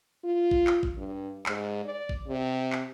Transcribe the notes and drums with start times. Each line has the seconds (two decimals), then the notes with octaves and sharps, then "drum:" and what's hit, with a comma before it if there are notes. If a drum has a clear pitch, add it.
0.24 F4
0.51 drum: kick A1
0.67 drum: clap
0.83 drum: kick A1
0.97 G2
1.46 G#2, drum: clap
1.85 D5
2.09 drum: kick A1
2.28 C3
2.73 drum: clap